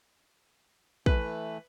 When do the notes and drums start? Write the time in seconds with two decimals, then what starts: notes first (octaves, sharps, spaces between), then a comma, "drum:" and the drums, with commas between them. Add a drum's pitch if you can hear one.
1.06 E3 A3 B4, drum: kick